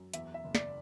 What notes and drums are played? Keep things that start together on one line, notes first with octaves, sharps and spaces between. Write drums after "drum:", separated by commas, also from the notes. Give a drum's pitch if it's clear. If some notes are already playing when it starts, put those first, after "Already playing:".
Already playing: F#2
E2 E5, drum: hi-hat
E5
F#1
D5, drum: snare